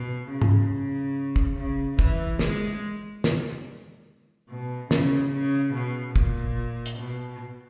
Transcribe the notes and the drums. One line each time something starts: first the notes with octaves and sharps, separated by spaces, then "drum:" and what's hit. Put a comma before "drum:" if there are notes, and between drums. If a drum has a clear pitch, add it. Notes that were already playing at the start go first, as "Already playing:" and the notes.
Already playing: B2
C#3
drum: tom G#2
drum: kick
C#3
E3, drum: kick
G#3, drum: snare
drum: snare
B2
C#3, drum: snare
C#3
B2
A#2, drum: kick
drum: hi-hat
B2